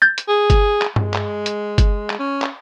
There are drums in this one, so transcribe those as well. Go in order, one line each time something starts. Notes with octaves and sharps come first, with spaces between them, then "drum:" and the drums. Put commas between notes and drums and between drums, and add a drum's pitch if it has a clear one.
G6 A6
drum: hi-hat
G#4
drum: kick G1, hi-hat
drum: clap
G#3, drum: tom G2
drum: clap
drum: hi-hat
drum: kick G1, hi-hat
drum: clap
C#4
drum: clap